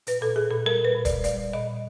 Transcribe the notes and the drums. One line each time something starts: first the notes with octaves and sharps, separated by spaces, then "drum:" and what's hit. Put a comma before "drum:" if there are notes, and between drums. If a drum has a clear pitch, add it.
A#2 B4, drum: hi-hat
A#2 A4
A#2 G#4
A#2 A4
G3 A#4
A#2 B4
A#2
D5, drum: kick, hi-hat
G3
G3 D5, drum: hi-hat
G3
A#2 D#5
A#2